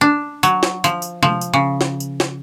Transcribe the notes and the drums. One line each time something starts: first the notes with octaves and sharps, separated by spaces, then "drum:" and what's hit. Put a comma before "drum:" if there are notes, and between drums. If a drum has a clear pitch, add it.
D4
F#3, drum: tambourine
drum: snare
F3, drum: tambourine
drum: tambourine
F3, drum: tom
drum: tambourine
C#3
drum: snare
drum: tambourine
drum: snare